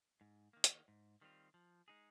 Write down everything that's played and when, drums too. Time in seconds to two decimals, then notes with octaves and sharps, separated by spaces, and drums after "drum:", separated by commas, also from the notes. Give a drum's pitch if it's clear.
0.21 G#2
0.53 D#3 A#3
0.64 drum: hi-hat
0.88 G#2
1.21 D#3 G3 C4 F4
1.54 F3
1.88 G#3 D#4 G#4